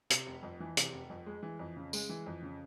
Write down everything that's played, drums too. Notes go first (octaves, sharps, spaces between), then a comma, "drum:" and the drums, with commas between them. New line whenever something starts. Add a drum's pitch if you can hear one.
C3, drum: hi-hat
F1
F2
E3
C3, drum: hi-hat
F1
F2
G#3
E3
F2
C#3
G#3, drum: tambourine
E3
F2
C#3